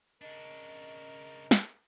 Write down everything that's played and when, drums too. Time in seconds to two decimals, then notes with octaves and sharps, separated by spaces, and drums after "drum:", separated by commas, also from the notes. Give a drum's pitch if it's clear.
0.22 C#3 D4 A#4 D#5
1.51 drum: snare